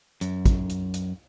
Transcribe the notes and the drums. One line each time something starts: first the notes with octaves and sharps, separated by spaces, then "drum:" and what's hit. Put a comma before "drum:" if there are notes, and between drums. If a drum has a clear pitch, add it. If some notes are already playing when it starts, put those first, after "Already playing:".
F#2, drum: hi-hat
drum: kick, hi-hat
drum: hi-hat
drum: hi-hat